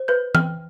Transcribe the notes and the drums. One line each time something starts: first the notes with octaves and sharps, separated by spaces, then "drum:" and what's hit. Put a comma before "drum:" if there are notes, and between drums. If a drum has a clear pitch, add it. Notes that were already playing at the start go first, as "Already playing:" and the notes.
Already playing: C5
B4 G6
G5 F6, drum: tom E3